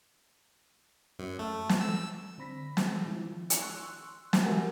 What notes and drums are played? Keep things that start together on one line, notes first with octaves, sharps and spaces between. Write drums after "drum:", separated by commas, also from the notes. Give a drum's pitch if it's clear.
F#2
A3
drum: snare
E6
D3 C4 B5 A#6 B6
G#3, drum: snare
D#3 F3 C4 E4
drum: hi-hat
C6 C#6 E6 F#6
drum: snare
F#4 G4 A#4 E5 F#5 G#5